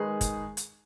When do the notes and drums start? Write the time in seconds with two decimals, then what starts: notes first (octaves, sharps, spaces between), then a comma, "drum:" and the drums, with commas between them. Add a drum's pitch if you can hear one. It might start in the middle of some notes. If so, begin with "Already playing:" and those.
Already playing: D#3 G#3 D#4 G#4 B4
0.21 drum: kick, hi-hat
0.57 drum: hi-hat